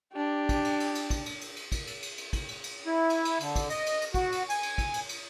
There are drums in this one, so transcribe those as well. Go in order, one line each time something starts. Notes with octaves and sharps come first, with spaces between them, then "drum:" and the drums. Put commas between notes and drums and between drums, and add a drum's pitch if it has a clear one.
D4 G4
drum: kick, cymbal
drum: cymbal
drum: cymbal
drum: cymbal
drum: kick, cymbal
drum: cymbal
drum: cymbal
drum: cymbal
drum: kick, cymbal
drum: cymbal
drum: cymbal
drum: cymbal
drum: kick, cymbal
drum: cymbal
drum: cymbal
E4
drum: cymbal
drum: cymbal
D3, drum: cymbal
drum: kick, cymbal
D#5, drum: cymbal
drum: cymbal
drum: cymbal
F#4, drum: kick, cymbal
drum: cymbal
G#5, drum: cymbal
drum: cymbal
drum: kick, cymbal
drum: cymbal
drum: cymbal